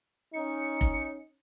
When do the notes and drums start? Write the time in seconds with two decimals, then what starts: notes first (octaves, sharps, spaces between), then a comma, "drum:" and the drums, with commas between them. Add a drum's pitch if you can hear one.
0.34 C#4 D#4 C#7
0.81 drum: kick F1